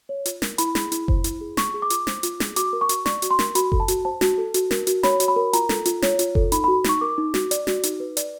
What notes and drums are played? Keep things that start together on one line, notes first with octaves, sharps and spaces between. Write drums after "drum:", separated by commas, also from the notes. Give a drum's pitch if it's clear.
C#5
F4, drum: hi-hat
A#4, drum: snare
E4 B5, drum: hi-hat
G#4, drum: snare
E4, drum: hi-hat
C5, drum: kick F#1
E4, drum: hi-hat
G#4
F4 C#6, drum: snare
G#4
D6
F4, drum: hi-hat
C5, drum: snare
F4, drum: hi-hat
G#4, drum: snare
F#4 D6, drum: hi-hat
A#4
C#6
F#4, drum: hi-hat
D5 C#6, drum: snare
F#4, drum: hi-hat
C6
A#4, drum: snare
F#4 B5, drum: hi-hat
A4, drum: kick F#1
A5
F#4, drum: hi-hat
C5 A5
F#4, drum: snare
A4
F#4, drum: hi-hat
A#4, drum: snare
F#4, drum: hi-hat
C#5 B5, drum: snare
F#4, drum: hi-hat
B5
A#4
F4 A#5, drum: hi-hat
A4, drum: snare
F4, drum: hi-hat
C#5, drum: snare
F4, drum: hi-hat
A4, drum: kick F#1
D#4 B5, drum: hi-hat
F#4 B5
D#4 C#6, drum: snare
A#4 D6
D#4
F#4, drum: snare
D5, drum: hi-hat
F#4, drum: snare
D#4, drum: hi-hat
B4
D5, drum: hi-hat